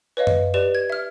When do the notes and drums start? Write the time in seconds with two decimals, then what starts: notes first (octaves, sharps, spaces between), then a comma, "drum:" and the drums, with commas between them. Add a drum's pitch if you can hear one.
0.17 B4 C#5 D#5 F5
0.27 drum: tom F#2
0.54 G4 B4 D5 E7
0.75 G#6
0.90 E5 F6